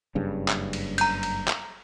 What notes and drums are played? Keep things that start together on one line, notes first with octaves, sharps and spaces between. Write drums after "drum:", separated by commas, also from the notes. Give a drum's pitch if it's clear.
F#1 G2 C#3
drum: clap
drum: cymbal
A#5 G6, drum: cymbal
drum: cymbal
drum: clap